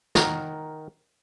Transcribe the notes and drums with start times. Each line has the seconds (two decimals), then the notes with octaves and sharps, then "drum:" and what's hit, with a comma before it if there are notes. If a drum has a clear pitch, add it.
0.15 D#3 A#4 F#5, drum: snare